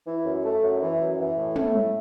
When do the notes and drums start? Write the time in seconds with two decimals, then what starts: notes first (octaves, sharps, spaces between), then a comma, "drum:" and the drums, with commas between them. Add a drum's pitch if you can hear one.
0.07 E3
0.25 F#2
0.45 A3
0.63 F#2
0.82 E3
0.99 F#2
1.19 E3
1.37 A2
1.56 A3, drum: tom
1.74 A2